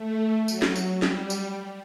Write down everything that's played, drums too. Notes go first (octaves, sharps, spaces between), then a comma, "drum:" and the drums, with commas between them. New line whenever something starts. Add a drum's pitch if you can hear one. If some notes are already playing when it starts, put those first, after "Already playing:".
Already playing: A3
F#3, drum: tambourine
drum: snare
drum: tambourine
G3, drum: snare
drum: tambourine